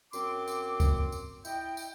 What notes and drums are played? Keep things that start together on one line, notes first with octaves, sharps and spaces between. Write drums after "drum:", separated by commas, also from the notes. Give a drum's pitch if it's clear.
F#2 C4 C6 D6, drum: tambourine
drum: tambourine
drum: kick C#2, tambourine
drum: tambourine
E4 D#5 G5, drum: tambourine
drum: tambourine